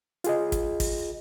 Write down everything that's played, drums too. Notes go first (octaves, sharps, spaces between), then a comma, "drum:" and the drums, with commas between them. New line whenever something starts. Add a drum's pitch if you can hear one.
F4 G#4 D#5, drum: hi-hat
drum: kick, hi-hat
drum: kick, open hi-hat